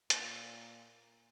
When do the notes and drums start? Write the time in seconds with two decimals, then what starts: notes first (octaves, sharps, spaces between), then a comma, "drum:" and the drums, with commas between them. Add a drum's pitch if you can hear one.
0.10 A#2, drum: hi-hat